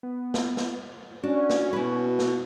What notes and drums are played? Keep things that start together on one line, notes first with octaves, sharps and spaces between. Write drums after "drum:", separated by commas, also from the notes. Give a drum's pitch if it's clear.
B3
drum: snare
drum: snare
C#4 D4 F#4
drum: snare
B2 E4 B4
drum: snare